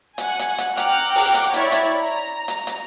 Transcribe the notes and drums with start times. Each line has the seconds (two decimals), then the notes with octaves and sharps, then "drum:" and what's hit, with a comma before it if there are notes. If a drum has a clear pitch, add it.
0.18 F#5 G#5, drum: hi-hat
0.39 drum: hi-hat
0.58 drum: hi-hat
0.77 F#5 G5 A#5 D6 F6, drum: hi-hat
1.15 drum: open hi-hat
1.34 drum: hi-hat
1.54 E4 C#5 D5 B5, drum: hi-hat
1.72 drum: hi-hat
2.00 A#5
2.48 drum: hi-hat
2.67 drum: hi-hat